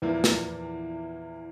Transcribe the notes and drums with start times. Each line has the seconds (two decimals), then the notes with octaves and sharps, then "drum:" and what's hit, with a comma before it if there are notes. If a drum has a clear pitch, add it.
0.02 E2 A#2 E3 F3 A#3 E4
0.24 drum: snare